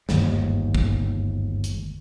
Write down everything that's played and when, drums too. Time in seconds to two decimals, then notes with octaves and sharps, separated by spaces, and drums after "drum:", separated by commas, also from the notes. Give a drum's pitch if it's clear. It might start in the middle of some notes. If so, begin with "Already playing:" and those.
0.09 G1 D#2 G#2, drum: snare
0.74 drum: kick
1.64 drum: hi-hat